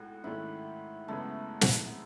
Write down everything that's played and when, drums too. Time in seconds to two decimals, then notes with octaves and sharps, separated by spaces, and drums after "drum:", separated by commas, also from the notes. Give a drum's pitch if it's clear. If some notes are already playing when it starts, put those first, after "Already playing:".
Already playing: B1 A2 G#3 F#4
0.24 G#2 D#3 A3 C#4 E4
1.08 F#2 C#3 G#3 A3 B3
1.61 drum: snare